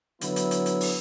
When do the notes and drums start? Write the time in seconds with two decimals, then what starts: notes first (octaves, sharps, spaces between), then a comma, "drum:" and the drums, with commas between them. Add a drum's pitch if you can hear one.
0.21 D3 F#3 B3 E4, drum: hi-hat
0.36 drum: hi-hat
0.51 drum: hi-hat
0.66 drum: hi-hat
0.81 drum: open hi-hat